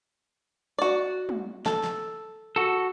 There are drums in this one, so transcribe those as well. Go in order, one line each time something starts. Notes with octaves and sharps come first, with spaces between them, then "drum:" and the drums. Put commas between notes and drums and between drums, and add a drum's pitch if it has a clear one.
F#4 D5
drum: tom
A4, drum: snare
drum: snare
F#4 A4